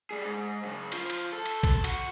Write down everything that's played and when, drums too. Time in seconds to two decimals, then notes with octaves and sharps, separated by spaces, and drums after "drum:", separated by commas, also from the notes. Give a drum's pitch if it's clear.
0.11 G3 G#4
0.25 G#2
0.64 F#2 C#3
0.92 F3, drum: cymbal
1.10 drum: cymbal
1.33 A4
1.45 drum: cymbal
1.63 drum: kick A#1, cymbal
1.84 F#4, drum: cymbal